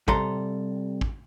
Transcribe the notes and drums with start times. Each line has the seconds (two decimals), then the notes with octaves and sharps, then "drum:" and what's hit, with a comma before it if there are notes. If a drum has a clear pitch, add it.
0.08 C3 G3 A4 A#5 C6, drum: kick A1
1.01 drum: kick A1